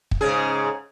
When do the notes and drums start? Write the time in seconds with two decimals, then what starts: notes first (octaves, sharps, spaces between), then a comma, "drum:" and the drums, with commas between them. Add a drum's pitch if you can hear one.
0.11 drum: kick
0.21 G#2 C#3 G#4